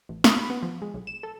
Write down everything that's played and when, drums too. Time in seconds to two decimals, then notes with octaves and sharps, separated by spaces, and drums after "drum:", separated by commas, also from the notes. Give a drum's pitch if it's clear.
0.09 A1
0.24 D#6, drum: snare
0.36 B5
0.50 B3
0.63 F3
0.82 G#3
0.94 B1
1.07 E7
1.23 A4